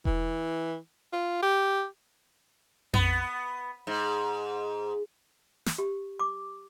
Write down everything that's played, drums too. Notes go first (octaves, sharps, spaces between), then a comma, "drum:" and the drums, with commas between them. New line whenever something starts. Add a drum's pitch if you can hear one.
E3, drum: kick E1
F4
G4
B3, drum: tom F2
G#2
drum: snare
G4
D6